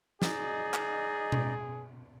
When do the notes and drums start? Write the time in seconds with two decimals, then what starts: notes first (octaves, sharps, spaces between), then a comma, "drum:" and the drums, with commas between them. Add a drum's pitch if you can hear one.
0.22 D#4 G#4 D5 D#5, drum: snare
0.74 drum: clap
1.32 drum: tom B2